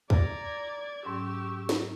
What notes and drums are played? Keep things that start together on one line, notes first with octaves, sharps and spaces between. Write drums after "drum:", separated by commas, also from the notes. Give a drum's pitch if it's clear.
D5 A#5 G#6, drum: kick
G#2 F#3 C#4 G4 C#6 E6
drum: snare